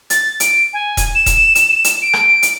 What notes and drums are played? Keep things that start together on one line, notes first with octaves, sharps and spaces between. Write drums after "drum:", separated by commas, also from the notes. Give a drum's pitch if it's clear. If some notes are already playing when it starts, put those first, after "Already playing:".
A6, drum: hi-hat
D7, drum: hi-hat
G#5
drum: kick D#1, hi-hat
E7
drum: kick D#1, hi-hat
drum: hi-hat
drum: hi-hat
D7
drum: rim click
drum: hi-hat